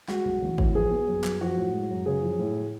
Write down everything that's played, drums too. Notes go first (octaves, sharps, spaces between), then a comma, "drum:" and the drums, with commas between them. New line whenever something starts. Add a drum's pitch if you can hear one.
G#3 F#4, drum: snare
B1
A1
A2, drum: kick G#1
F3 G#4
B3
F#2
F#2, drum: clap
F3 F#4
A2
G#3
F#2
C#3 G#4
F3
A2